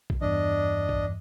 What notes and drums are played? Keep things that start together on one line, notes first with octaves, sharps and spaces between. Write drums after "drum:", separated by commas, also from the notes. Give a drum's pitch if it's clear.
drum: kick A#1
E2 G2 E3 D4 D#5
drum: kick A#1